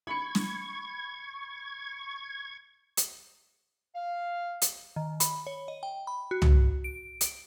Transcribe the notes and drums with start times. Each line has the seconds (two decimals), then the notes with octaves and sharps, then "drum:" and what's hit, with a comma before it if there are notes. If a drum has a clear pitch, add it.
0.07 B5 C#6 G#6 C#7
0.35 drum: snare
2.97 drum: hi-hat
3.95 F5
4.62 drum: hi-hat
4.96 D#3
5.20 B5, drum: hi-hat
5.47 C#5
5.68 D#5
5.83 G5
6.07 B5
6.31 F#4
6.42 drum: tom
6.84 D7
7.21 drum: hi-hat